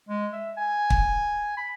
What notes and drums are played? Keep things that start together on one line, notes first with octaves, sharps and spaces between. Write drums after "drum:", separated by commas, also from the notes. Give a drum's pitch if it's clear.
G#3
E5
G#5
drum: kick
B5